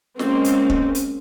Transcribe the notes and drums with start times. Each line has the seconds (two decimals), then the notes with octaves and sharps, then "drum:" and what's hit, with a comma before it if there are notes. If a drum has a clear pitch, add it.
0.19 G#3 A#3 C4 C#4, drum: snare
0.44 drum: hi-hat
0.70 drum: kick
0.95 drum: hi-hat